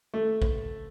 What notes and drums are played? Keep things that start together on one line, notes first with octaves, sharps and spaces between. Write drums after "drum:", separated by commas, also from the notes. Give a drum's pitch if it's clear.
A3
drum: kick